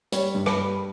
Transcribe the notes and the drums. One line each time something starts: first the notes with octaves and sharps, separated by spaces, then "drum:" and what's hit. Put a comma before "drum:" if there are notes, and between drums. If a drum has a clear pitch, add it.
G3 C#5, drum: hi-hat
G2
B4, drum: rim click
G3